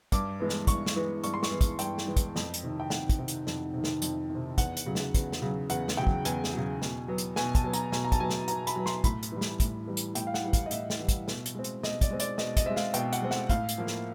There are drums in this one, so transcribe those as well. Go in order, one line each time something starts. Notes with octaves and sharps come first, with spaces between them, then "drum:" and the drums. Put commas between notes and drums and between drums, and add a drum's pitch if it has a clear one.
G2 D6, drum: kick, hi-hat
E3 G#3 B3
drum: snare
G2 C#6, drum: kick, hi-hat
drum: snare
E3 G#3 B3
G2 C#6, drum: hi-hat
C6
C#6, drum: snare
E3 G#3 B3
drum: kick, hi-hat
G2 G5, drum: hi-hat
drum: snare
E3 G#3 B3
drum: kick, hi-hat
F2, drum: snare
drum: hi-hat
C3 D#3
G5
F2 F#5, drum: snare
drum: kick, hi-hat
C3 D#3
drum: hi-hat
F2, drum: snare
C3 D#3
drum: snare
F2, drum: hi-hat
D#3
C3
E2 F#5, drum: kick, hi-hat
drum: hi-hat
C#3 F#3
drum: snare
E2, drum: kick, hi-hat
drum: snare
C#3 F#3
E2 F#5, drum: hi-hat
drum: snare
C#3 F#3 G5
drum: kick
E2 G#5, drum: hi-hat
drum: snare
C#3 F#3
B2, drum: snare
F#3 B3
drum: hi-hat
B2 G#5, drum: snare
A5, drum: kick, hi-hat
F#3 B3
A#5, drum: hi-hat
B2 G#5, drum: snare
A#5
A5, drum: kick, hi-hat
F#3 B3 G#5
drum: snare
B2 A#5, drum: hi-hat
B5, drum: hi-hat
F#3 B3
C6, drum: snare
A2 B5, drum: kick, hi-hat
drum: hi-hat
E3 G3
drum: snare
A2, drum: kick, hi-hat
E3 G3
drum: hi-hat
A2 G5, drum: hi-hat
F5
F#5, drum: snare
E3 G3
F5, drum: kick, hi-hat
D#5
A2 E5, drum: hi-hat
drum: snare
E3 G3
drum: kick, hi-hat
B2, drum: snare
drum: hi-hat
G#3 C4
drum: hi-hat
B2 D#5, drum: snare
D5, drum: kick, hi-hat
G#3 C4
D5, drum: hi-hat
B2 D#5, drum: snare
D#5, drum: kick, hi-hat
G#3 C4 E5
F5, drum: snare
B2 G5, drum: hi-hat
F#5, drum: hi-hat
G#3 C4
F#5, drum: snare
A2 F5, drum: kick, hi-hat
drum: hi-hat
F3 A#3
drum: snare